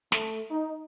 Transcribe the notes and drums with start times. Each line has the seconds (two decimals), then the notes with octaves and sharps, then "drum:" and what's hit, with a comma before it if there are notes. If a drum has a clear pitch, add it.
0.12 A3, drum: snare
0.51 D#4